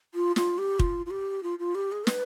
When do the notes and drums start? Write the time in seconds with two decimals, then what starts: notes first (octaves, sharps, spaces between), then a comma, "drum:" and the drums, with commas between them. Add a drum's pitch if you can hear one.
0.14 F4
0.36 F4, drum: snare
0.58 G4
0.79 F4, drum: kick
1.06 F4
1.11 G4
1.43 F4
1.59 F4
1.75 G4
1.92 G#4
2.07 B4, drum: snare